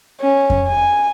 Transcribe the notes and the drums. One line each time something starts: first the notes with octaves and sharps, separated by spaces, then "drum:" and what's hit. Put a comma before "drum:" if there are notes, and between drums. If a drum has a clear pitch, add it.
C#4
drum: kick F2
G#5